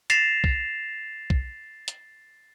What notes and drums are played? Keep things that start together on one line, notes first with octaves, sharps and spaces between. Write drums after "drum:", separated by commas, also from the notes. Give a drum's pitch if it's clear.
A6 A#6 C7 E7 F7, drum: hi-hat
drum: kick
drum: kick
drum: hi-hat